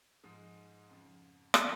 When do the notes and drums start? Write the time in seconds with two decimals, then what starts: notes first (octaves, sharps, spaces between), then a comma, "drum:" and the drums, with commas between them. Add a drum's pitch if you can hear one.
0.23 G#2 F3 G#3 D#4
0.89 F2 C#3 F3
1.54 C#3 F3 C#4, drum: rim click